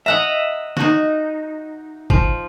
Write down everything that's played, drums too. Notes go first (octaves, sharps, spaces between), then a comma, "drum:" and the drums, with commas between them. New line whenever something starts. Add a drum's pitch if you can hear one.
D#5 E5 F#5 A#5
D#4 F#4, drum: snare
F3, drum: kick